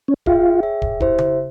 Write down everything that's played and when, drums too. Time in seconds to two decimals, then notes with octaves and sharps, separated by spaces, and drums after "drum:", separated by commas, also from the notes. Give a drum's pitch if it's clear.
0.08 C#4
0.26 F4 G#4 E5 G5, drum: kick
0.63 G#4 C#5 E5 G5
0.82 drum: kick
1.00 E4 G4 C5 E5, drum: kick
1.18 drum: tom C#3